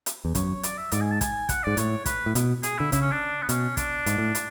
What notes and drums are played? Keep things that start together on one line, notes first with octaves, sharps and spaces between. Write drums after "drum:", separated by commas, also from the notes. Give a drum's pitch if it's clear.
drum: hi-hat
E2
F#2 C#5, drum: kick, hi-hat
D5, drum: hi-hat
E5
G#2 D5, drum: hi-hat
G#5
A5
G#5, drum: kick, hi-hat
F#5, drum: kick, hi-hat
G#2 D5
A2 C#5, drum: hi-hat
B4, drum: kick, hi-hat
A2
B2, drum: hi-hat
G#4, drum: hi-hat
D3 E4
C#3 E4, drum: kick, hi-hat
C#4
D4
B3
B2 C#4, drum: hi-hat
D4, drum: kick, hi-hat
G#2, drum: hi-hat
A2
drum: hi-hat